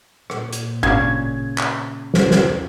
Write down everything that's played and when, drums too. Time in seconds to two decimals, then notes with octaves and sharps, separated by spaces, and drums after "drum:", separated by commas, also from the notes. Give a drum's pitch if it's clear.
0.30 A#2, drum: rim click
0.53 drum: hi-hat
0.83 G#1 C#3 D4 G#6
1.58 drum: clap
2.14 drum: snare
2.31 drum: snare